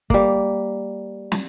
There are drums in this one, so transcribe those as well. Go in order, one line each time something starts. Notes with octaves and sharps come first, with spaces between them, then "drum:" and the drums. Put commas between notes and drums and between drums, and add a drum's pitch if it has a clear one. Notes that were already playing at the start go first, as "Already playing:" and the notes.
G3 A#3, drum: kick
drum: snare